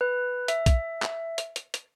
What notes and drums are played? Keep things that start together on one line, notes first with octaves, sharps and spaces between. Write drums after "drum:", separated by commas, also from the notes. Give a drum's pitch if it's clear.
B4
E5, drum: hi-hat
drum: kick A#1, hi-hat
drum: clap
drum: hi-hat
drum: hi-hat
drum: hi-hat